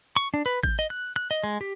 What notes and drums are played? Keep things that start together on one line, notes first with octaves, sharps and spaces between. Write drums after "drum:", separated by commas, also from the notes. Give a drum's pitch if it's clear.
C#6
D4
B4
G6, drum: kick A1
D#5
F#6
F#6
D#5
G#3
G4